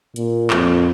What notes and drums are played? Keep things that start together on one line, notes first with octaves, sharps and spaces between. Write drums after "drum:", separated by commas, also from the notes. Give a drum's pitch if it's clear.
A#2, drum: hi-hat
F2, drum: clap